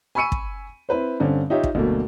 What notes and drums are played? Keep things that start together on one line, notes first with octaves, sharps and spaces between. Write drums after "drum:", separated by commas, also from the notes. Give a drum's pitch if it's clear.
G#5 B5 C#6 E6 C#7 D#7
drum: kick
C4 E4 B4 C5
G2 D3 C4 C#4
D#4 F4 G4 C#5 E5
drum: kick
D2 B2 F#3 A3 A#3